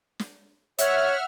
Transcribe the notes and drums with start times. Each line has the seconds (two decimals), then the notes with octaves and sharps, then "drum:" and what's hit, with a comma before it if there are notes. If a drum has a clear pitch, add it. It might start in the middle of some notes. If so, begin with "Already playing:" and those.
0.19 drum: snare
0.79 C#5 E5 F#5 F6, drum: hi-hat